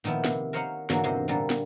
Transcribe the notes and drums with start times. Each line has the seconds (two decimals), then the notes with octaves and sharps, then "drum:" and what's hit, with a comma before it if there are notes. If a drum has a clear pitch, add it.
0.04 A#2 D#3 F3 B3 E4
0.25 C3, drum: snare
0.53 A#4 C5 C#5 D#5 F5 F#5
0.90 G#2 D3 E3 F#3 A#3 F#4, drum: snare
1.04 E2 C3 C5 D#5
1.28 A#2 D3 G3 A#3
1.50 drum: snare